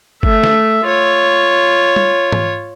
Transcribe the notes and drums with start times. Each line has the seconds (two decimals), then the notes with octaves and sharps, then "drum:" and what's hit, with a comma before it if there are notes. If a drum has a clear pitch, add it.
0.23 A3 E5, drum: kick
0.43 drum: snare
0.87 F4 C#5
1.96 drum: tom
2.32 drum: tom G#2